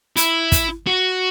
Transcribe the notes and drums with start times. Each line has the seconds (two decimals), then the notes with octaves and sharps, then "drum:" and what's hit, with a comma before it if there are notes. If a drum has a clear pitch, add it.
0.17 E4, drum: hi-hat
0.52 drum: kick, hi-hat
0.87 F#4